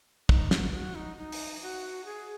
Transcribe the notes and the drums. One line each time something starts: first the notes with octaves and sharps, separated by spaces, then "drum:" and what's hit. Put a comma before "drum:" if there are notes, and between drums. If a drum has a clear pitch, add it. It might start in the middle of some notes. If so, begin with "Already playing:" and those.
D#4, drum: kick
F#4, drum: snare
F#4
D#4
D#4
drum: open hi-hat
F#4
G#4